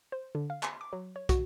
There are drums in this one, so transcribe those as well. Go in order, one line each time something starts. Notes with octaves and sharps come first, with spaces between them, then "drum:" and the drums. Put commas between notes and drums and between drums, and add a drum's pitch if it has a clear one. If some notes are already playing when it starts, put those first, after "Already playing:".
C5
D3
F5
G#5, drum: clap
D6
F#3
C#5
F#4, drum: kick, hi-hat